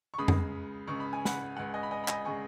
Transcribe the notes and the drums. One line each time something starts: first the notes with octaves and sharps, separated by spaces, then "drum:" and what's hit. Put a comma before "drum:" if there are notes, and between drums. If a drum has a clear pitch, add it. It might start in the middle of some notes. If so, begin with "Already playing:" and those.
C#6
C#2 C#3 G#3 B5 D#6
drum: tom F2
C#2 C#3 G#3 C#6
B5
G#5
F#5 B5, drum: snare
C#2 C#3 G#3 F#5
D#5 G#5
B5
D#5 G#5
B5
D#5 G#5, drum: clap
C#3 G#3 G#5 C#6